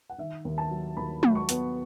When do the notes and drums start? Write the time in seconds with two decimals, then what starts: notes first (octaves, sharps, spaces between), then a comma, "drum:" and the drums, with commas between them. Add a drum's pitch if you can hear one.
0.10 F#5
0.18 D#3 E5
0.45 D#2
0.58 A5
0.70 F#3
0.97 D#2 B5
1.23 F#3, drum: tom
1.35 C#6
1.49 B3, drum: hi-hat